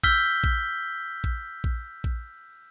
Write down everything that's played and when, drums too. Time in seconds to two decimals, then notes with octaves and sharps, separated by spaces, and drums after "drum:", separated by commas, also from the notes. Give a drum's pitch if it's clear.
0.04 E6 F6 G6 B6 G7, drum: kick A#1
0.44 drum: kick A#1
1.24 drum: kick A#1
1.64 drum: kick A#1
2.04 drum: kick A#1